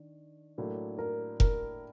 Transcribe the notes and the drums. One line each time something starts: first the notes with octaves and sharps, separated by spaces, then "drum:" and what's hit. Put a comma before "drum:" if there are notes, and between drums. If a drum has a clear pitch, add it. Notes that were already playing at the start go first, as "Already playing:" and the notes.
Already playing: D#3 D4
A2 F#3 A#3 D4
A#4
A#4, drum: kick F1